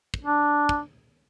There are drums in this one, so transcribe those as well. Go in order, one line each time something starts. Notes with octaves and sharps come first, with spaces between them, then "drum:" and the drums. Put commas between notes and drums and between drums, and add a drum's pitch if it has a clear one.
drum: kick
D4
drum: kick